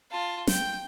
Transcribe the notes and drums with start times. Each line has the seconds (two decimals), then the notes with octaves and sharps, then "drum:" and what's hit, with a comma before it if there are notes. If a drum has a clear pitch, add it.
0.11 F4 A5
0.47 G5, drum: snare